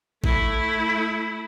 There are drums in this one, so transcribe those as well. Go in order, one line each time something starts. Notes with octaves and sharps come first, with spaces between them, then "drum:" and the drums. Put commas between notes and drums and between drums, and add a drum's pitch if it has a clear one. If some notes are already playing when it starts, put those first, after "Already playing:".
A3 E4, drum: kick A1